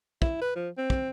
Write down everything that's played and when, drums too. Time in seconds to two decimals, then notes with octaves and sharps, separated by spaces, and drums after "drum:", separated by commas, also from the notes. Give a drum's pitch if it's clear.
0.22 E4, drum: kick
0.41 B4
0.56 F3
0.78 C4
0.90 drum: kick